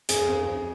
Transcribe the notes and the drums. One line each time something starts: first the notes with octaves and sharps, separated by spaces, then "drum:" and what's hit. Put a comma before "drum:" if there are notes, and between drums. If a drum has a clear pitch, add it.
F2 G#4, drum: hi-hat
F2
F2